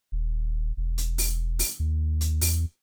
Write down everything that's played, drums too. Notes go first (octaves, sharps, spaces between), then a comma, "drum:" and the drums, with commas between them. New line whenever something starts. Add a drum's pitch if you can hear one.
D#1
E1
drum: hi-hat
drum: open hi-hat
drum: open hi-hat
D#2
drum: hi-hat
E2, drum: open hi-hat